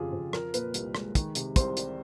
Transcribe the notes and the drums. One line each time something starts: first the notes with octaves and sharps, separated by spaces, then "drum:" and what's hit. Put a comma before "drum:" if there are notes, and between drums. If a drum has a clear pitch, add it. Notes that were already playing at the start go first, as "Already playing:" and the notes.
Already playing: F2 C#3 F3 F4 G4 G#4
F2
F3 A#4, drum: rim click
A#2 B4, drum: hi-hat
C2, drum: hi-hat
G#3, drum: rim click
D#3, drum: kick, hi-hat
C3, drum: hi-hat
C2 C5, drum: kick, hi-hat
G3, drum: hi-hat